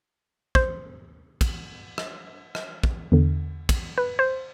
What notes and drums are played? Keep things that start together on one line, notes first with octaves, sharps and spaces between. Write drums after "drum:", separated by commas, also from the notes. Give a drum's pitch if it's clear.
C5, drum: kick
drum: kick, cymbal
drum: rim click
drum: rim click
drum: kick
E2 D3
drum: kick, cymbal
B4
C5